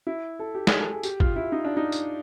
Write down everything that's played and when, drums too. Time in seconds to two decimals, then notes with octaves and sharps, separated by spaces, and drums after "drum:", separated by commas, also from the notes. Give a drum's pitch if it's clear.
0.07 E4
0.39 A4
0.55 G4
0.67 G#4, drum: snare
0.79 A4
0.92 G#4
1.03 G4, drum: tambourine
1.20 F4, drum: kick
1.36 E4
1.52 D#4
1.65 D4
1.77 D#4
1.92 drum: tambourine